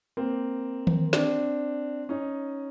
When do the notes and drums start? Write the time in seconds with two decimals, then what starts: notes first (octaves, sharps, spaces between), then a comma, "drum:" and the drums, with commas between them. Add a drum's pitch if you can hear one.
0.17 A#3 C4
0.87 drum: tom D#3
1.13 C4 D4, drum: snare
2.09 C#4 D#4